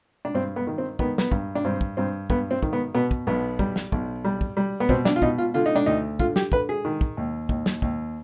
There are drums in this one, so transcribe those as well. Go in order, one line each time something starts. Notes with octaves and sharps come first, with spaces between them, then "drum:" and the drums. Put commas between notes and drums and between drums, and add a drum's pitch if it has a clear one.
D4
G2 C4
B3
D#3
C4
D#3 B3, drum: kick
B3, drum: snare
G2, drum: kick
D4
G2 C4
drum: kick
G2 C4
G2 B3, drum: kick
C4
D#3, drum: kick
B3
B2 B3
drum: kick
B1 B3
G3, drum: kick
drum: snare
B1, drum: kick
G3
drum: kick
G3
B3
B2 C4, drum: kick
D4, drum: snare
F4
B2 D#4, drum: kick
F4
D3 F4
D#4
D4
D2 D#4
D3 F4, drum: kick
G4, drum: snare
D3 B4, drum: kick
G#4
D#3
drum: kick
D#2
D#2, drum: kick
drum: snare
D#2, drum: kick